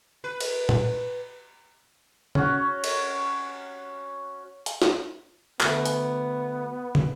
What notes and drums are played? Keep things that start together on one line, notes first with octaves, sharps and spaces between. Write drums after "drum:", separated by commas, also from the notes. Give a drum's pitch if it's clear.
B4
drum: cymbal
drum: tom
C#4 F#4, drum: tom
drum: cymbal
drum: hi-hat
drum: snare
D2 A3 B3, drum: clap
drum: hi-hat
drum: tom